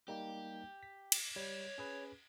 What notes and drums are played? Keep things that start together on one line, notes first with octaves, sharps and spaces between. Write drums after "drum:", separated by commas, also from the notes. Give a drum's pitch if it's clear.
G3 A#3 D#4 G4
B6
drum: cymbal
G3 C#5 D#5
C#4 G#4 B4